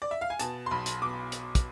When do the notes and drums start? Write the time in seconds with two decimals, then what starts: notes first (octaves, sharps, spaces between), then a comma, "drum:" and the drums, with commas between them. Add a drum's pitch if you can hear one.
0.02 D5
0.11 E5
0.21 F5
0.30 G#5
0.39 B2 A5, drum: hi-hat
0.66 C6
0.71 B1 B5
0.86 drum: hi-hat
1.02 B2 D6
1.32 drum: hi-hat
1.55 drum: kick, hi-hat